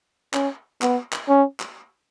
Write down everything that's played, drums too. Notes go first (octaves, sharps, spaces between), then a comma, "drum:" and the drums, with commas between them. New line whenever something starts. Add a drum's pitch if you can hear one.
C#4, drum: clap
B3, drum: clap
drum: clap
C#4
drum: clap